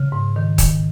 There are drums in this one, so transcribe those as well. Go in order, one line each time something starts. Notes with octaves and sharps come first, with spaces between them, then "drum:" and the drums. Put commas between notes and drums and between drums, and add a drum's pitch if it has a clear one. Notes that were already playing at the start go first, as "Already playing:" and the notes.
Already playing: C#3
G#2
D#3
D#3, drum: kick, hi-hat